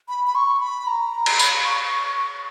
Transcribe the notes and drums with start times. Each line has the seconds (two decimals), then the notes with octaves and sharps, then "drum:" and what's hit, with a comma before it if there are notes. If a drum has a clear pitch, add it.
0.08 B5
0.27 B5
0.35 C#6
0.61 B5
0.87 A#5
1.26 B5, drum: cymbal
1.39 drum: tambourine
1.65 C#6